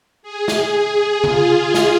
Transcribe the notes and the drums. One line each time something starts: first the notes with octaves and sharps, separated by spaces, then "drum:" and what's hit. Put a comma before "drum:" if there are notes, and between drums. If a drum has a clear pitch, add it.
G#4
drum: snare
G#4
F4, drum: tom C#3
drum: snare